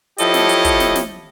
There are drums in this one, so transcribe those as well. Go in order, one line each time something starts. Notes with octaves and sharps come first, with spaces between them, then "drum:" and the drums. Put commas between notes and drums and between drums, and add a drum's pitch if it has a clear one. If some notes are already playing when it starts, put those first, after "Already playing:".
F3 E4 G4 A4 C#5 D#5, drum: hi-hat
drum: snare
drum: hi-hat
drum: kick, hi-hat
drum: snare
drum: snare